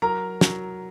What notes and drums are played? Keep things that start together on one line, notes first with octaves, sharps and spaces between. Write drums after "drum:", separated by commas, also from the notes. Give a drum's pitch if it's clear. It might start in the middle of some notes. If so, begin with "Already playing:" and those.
F#3 A#4 A#5
F#3, drum: snare